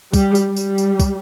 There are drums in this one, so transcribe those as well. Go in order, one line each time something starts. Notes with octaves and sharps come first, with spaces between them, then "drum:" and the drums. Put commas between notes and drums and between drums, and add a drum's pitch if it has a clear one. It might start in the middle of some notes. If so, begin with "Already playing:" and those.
G3, drum: kick, tambourine
drum: tambourine
G3
drum: tambourine
drum: tambourine
drum: kick, tambourine